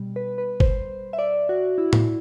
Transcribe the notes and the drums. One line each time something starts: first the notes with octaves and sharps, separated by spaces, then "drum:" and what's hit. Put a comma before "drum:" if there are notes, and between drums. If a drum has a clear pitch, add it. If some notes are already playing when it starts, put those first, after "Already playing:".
Already playing: B2 G3
B4
B4
C5, drum: kick G1
E5
D5
F#4
E4
drum: tom A2